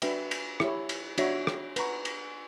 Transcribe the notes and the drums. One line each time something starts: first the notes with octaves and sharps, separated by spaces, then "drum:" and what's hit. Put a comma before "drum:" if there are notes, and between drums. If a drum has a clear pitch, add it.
D4 F#4 B4 E5 G5, drum: cymbal
drum: cymbal
E4 G4 C#5, drum: rim click
drum: cymbal
D4 F#4 C#5 E5, drum: cymbal
drum: rim click
B4 F#5 A#5 C#6, drum: cymbal
drum: cymbal